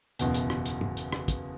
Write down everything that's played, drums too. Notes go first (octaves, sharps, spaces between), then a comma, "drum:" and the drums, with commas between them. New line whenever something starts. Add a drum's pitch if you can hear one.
F#1 E2 B2, drum: hi-hat
drum: hi-hat
drum: rim click
drum: hi-hat
drum: tom
drum: hi-hat
drum: rim click
drum: kick, hi-hat